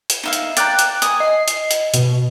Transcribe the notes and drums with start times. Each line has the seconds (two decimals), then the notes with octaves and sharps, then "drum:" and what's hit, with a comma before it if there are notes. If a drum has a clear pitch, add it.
0.10 drum: hi-hat
0.23 D#4 E5 F5
0.33 drum: hi-hat
0.57 D5 F5 G5 A#5 F#6 A6, drum: hi-hat
0.79 drum: hi-hat
1.02 G#5 D#6, drum: hi-hat
1.20 D#5 C7
1.48 drum: hi-hat
1.71 drum: hi-hat
1.94 B2, drum: hi-hat